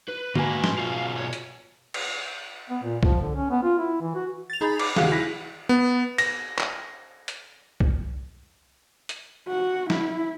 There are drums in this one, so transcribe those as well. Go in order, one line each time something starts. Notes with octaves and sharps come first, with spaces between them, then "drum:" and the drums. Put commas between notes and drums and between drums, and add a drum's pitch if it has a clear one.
B4
G#2 A#3 F#4 G4 B4 G#5, drum: tom D3
C6, drum: snare
B2 F4 G#4 F5
C#5
drum: hi-hat
drum: cymbal
B3
A#2
F3, drum: kick C2
D3
C#4
B3
F4
E4
E3
F#4
A6 F7
D#4 G#4 B5
D6, drum: cymbal
D#2 F#4 G#4 F5 F#6, drum: snare
E4 A#6 B6
B3
A#6, drum: cymbal
drum: clap
drum: hi-hat
drum: kick C2
drum: hi-hat
F#4
E4, drum: snare